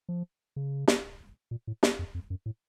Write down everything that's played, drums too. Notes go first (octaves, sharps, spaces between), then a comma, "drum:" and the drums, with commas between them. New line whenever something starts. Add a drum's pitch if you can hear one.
F3
C#3
drum: snare
A#2
A2
drum: snare
F2
F2
F#2
A2